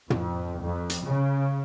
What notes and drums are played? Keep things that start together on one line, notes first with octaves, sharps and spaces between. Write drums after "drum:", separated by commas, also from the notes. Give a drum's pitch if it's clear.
F2, drum: tom
F2
drum: hi-hat
C#3